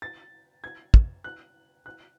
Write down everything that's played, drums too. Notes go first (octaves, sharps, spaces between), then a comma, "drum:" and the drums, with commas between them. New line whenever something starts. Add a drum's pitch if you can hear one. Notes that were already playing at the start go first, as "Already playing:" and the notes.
A6
G#6
drum: kick
F#6
F#6